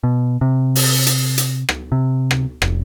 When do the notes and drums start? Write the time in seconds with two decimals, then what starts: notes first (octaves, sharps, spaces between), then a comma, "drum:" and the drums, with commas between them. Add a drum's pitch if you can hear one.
0.04 B2
0.41 C3
0.75 drum: open hi-hat
1.07 drum: hi-hat
1.38 drum: hi-hat
1.69 drum: rim click
1.92 C3
2.31 drum: rim click
2.62 F1, drum: rim click